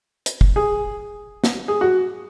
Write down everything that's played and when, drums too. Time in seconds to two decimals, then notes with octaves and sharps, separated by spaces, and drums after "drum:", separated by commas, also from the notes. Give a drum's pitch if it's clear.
0.26 drum: hi-hat
0.41 drum: kick
0.56 G#4
1.44 drum: snare
1.68 G#4
1.81 F#4